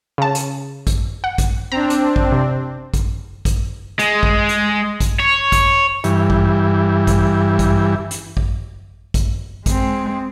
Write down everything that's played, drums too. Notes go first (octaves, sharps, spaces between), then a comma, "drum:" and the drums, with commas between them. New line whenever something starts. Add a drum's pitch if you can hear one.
C#3 A5
drum: hi-hat
drum: kick, hi-hat
F#5
drum: kick, hi-hat
C4 D4 A#5
drum: hi-hat
drum: kick
C3
drum: kick, hi-hat
drum: kick, hi-hat
G#3, drum: hi-hat
drum: kick
drum: hi-hat
drum: kick, hi-hat
C#5
drum: kick, hi-hat
G2 E3, drum: hi-hat
drum: kick
drum: kick, hi-hat
drum: kick, hi-hat
drum: hi-hat
drum: kick
drum: kick, hi-hat
G#3 C4, drum: kick, hi-hat